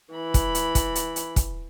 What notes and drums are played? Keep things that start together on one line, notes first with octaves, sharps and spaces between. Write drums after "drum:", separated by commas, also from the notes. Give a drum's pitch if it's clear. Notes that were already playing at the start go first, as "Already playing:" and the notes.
E3 B5
drum: kick, hi-hat
drum: hi-hat
drum: kick, hi-hat
drum: hi-hat
drum: hi-hat
drum: kick, hi-hat